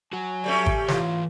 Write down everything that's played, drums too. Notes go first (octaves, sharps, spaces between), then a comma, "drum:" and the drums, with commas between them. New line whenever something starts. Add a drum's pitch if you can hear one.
F#3 F#4 G#5
G3 A3 C#4
drum: kick G#1
E3 F4 C#5, drum: snare